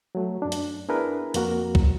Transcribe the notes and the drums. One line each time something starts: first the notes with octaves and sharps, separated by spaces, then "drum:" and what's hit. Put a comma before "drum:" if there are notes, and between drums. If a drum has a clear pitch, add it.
F#3 A3
F#2 D4
drum: hi-hat
B3 D4 E4 G#4 A#4 B4
F2 A#3 F#4 A#4, drum: hi-hat
drum: kick